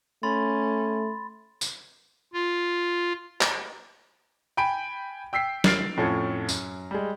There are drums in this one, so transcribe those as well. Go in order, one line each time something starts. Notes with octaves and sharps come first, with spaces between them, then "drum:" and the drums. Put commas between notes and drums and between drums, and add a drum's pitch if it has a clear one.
A3 C#4 B5 C6 A6
drum: tambourine
F4
drum: clap
G5 G#5 B5 D7
G5 E6 B6 C7
F6 A6 C7 D7, drum: snare
F2 A2 F3 C#4 A4 C#7
F#2, drum: tambourine
G3 G#3